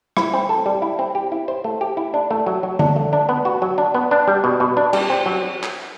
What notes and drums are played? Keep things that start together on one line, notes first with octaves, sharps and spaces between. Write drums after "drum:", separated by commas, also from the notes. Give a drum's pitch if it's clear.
E4, drum: rim click
C4
A4
G3
E4
C4
G4
E4
C5
A3
G4
E4
D4
A3
F#3
F#3
D4, drum: tom D3
A3
D4
B3
F#4
F#3
D4
B3
D4
G3
B2
B2
D4
G3, drum: cymbal
C4
F#3
drum: clap